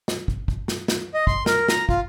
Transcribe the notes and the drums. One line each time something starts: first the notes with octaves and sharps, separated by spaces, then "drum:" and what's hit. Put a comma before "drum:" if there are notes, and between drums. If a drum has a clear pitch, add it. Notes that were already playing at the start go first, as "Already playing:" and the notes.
drum: snare
drum: kick
drum: kick
drum: snare
drum: snare
D#5
C6, drum: kick
A#4, drum: snare
A#5, drum: snare
F4, drum: kick